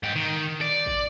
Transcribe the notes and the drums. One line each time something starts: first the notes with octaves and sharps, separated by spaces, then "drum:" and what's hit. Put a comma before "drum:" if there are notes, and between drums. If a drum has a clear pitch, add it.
G#2 G4
D#3
D5
drum: kick